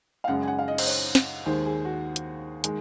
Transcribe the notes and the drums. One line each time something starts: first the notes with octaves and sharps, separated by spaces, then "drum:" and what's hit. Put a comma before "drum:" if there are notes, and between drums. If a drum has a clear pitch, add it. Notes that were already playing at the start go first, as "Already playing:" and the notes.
F5
F#2 C#3 G#3 F#5
G#5
F#5
F5
D#5
C5, drum: cymbal
C#5
drum: snare
D#2 D#3 G#3 C5
G#4
F#4
drum: hi-hat
D#3 G#3, drum: hi-hat